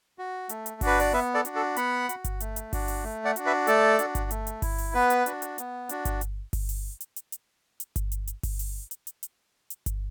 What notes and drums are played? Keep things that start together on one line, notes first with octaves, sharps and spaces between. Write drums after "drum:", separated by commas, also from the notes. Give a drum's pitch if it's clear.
F#4
A3, drum: hi-hat
drum: hi-hat
D4 F#4, drum: kick G1, open hi-hat
B4
D5, drum: open hi-hat
B3 B4 E5
A4 D5
D4 F#4, drum: hi-hat
A4
B3 F#5 B5, drum: hi-hat
F#4, drum: hi-hat
drum: kick G1, hi-hat
A3, drum: hi-hat
drum: hi-hat
D4 F#4, drum: kick G1, open hi-hat
drum: open hi-hat
A3
D5 F#5
D4 F#4, drum: hi-hat
B4 E5
A3 A4 D5, drum: hi-hat
D4 F#4, drum: hi-hat
drum: kick G1, hi-hat
A3, drum: hi-hat
drum: hi-hat
E4, drum: kick G1, open hi-hat
drum: open hi-hat
B3 B4
drum: hi-hat
D4 F#4, drum: hi-hat
drum: hi-hat
B3, drum: hi-hat
D4 F#4, drum: hi-hat
drum: kick G1, hi-hat
drum: hi-hat
drum: kick G1, open hi-hat
drum: open hi-hat
drum: hi-hat
drum: hi-hat
drum: hi-hat
drum: hi-hat
drum: kick G1, hi-hat
drum: hi-hat
drum: hi-hat
drum: kick G1, open hi-hat
drum: open hi-hat
drum: hi-hat
drum: hi-hat
drum: hi-hat
drum: hi-hat
drum: kick G1, hi-hat